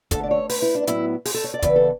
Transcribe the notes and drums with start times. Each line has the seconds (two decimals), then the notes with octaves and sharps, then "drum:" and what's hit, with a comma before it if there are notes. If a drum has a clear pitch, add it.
0.11 D2 D3 A3 A4, drum: kick, hi-hat
0.23 D5
0.31 C#5
0.49 B4, drum: open hi-hat
0.62 E4
0.75 D4
0.87 A2 F#3 B3 E4, drum: hi-hat
1.25 G#4, drum: open hi-hat
1.34 A4
1.44 C#5
1.54 D5
1.62 E2 C#3 E3 B3 B4, drum: kick, hi-hat
1.76 A4